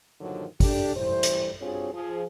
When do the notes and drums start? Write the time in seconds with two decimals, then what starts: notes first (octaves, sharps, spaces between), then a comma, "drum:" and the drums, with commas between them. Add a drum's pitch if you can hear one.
0.21 G2 A#2 D3 D#3 F3 F#3
0.60 D4 G4 A4, drum: kick, open hi-hat
0.96 E3 G3 A3 C5
1.23 drum: hi-hat
1.61 G2 C4 F4 F#4 G#4 C#5
1.93 F3 G#4